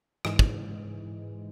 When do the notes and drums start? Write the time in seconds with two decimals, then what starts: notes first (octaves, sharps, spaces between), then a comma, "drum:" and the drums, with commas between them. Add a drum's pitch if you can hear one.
0.25 G#2 E3 G#3, drum: rim click
0.39 drum: kick